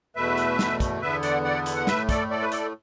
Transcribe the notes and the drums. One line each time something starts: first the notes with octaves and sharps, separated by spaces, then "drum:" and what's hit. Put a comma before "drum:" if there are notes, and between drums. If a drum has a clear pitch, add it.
E2 B2 A3 B4 E5
drum: hi-hat
drum: snare
drum: kick, hi-hat
E2 D3 B3 B4 E5
D5 F#5, drum: hi-hat
D5 F#5
drum: hi-hat
F#5
A2 A3 B4 E5, drum: snare
A4 D5, drum: kick, hi-hat
A4 D5
B4
A4 D5, drum: hi-hat